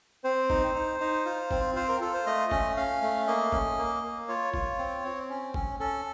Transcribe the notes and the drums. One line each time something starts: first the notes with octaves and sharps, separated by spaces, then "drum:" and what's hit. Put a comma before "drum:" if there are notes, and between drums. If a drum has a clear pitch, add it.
C4 C5
D#4, drum: kick
D#4
D#4
F4
C4, drum: kick
F4 C5
A#4
F4 A4
C5
A3 D#5
C#4, drum: kick
C#4 F5
A3
A#3 D#5
C#4, drum: kick
A#3
A#3
F4 C#5
F4, drum: kick
C4
C4
C#4
C#4, drum: kick
C#4 A4